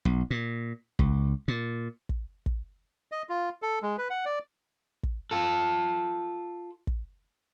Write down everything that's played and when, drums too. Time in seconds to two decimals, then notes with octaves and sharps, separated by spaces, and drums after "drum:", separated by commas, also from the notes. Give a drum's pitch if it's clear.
0.05 B1
0.31 A#2
0.99 C#2, drum: kick
1.48 A#2
2.09 drum: kick
2.46 drum: kick
3.12 D#5
3.29 F4
3.62 A4
3.83 G#3
3.98 B4
4.10 F#5
4.26 D5
5.03 drum: kick
5.31 F4 A4
6.87 drum: kick